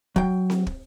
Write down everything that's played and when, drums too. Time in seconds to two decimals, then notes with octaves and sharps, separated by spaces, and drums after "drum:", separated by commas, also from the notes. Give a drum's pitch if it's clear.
0.16 F#3 G5, drum: kick
0.50 drum: snare C4
0.67 drum: kick